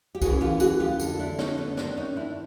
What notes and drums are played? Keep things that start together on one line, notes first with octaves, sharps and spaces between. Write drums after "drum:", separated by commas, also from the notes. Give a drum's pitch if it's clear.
G4
D#2 C#3 E3 F#4 G#4, drum: kick, tambourine
F4 G4
F#4 G#4, drum: tambourine
F4 G4
F2 D3, drum: tambourine
D4 E4
C#4 D#4, drum: snare
B3 C#4
G2 D#3 C4 D4, drum: snare
C#4 D#4
D4 E4